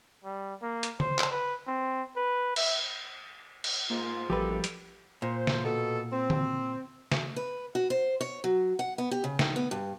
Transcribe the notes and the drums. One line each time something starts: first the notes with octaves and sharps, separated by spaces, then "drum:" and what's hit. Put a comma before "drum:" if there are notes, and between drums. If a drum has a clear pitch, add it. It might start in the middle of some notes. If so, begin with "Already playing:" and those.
G3
A#3
drum: hi-hat
C5, drum: tom D3
drum: clap
B4
C4
B4
E5, drum: cymbal
drum: cymbal
G#2 A#3 F4
A1 B2 F3 G3 A#3 G4 A4 B4
drum: hi-hat
A#2 C5
drum: snare
B2 A4
C4
drum: tom D3
drum: snare
B4
F#4
C5
C#5
F#3
F#5
B3
G4
C#3
D#3, drum: snare
B3
G2